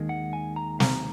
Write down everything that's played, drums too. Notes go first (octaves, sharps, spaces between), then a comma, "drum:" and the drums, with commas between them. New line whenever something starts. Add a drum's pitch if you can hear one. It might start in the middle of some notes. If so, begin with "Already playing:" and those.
Already playing: D#2 D#3 G#3
F#5
G#5
A#5
A#5, drum: snare